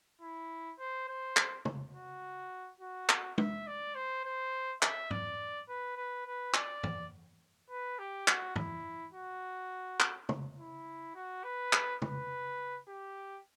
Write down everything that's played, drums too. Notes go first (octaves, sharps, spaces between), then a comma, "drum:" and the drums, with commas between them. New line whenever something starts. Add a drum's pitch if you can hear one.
E4
C5
C5
drum: clap
drum: tom
F#4
F#4
drum: clap
E5, drum: tom
D5
C5
C5
E5, drum: clap
D5, drum: tom
B4
B4
B4
D5, drum: clap
drum: tom
B4
G4
F#4, drum: clap
E4, drum: tom
F#4
drum: clap
drum: tom
E4
F#4
B4
drum: clap
B4, drum: tom
G4